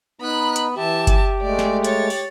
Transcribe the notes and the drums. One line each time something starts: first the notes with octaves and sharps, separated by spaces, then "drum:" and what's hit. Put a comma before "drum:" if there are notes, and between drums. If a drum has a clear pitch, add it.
B3 D#4 B5 F#6
drum: hi-hat
E3 G4 E5 A5
drum: kick G1, hi-hat
G#3 A3 D5
drum: snare
C#5 A6, drum: hi-hat
drum: open hi-hat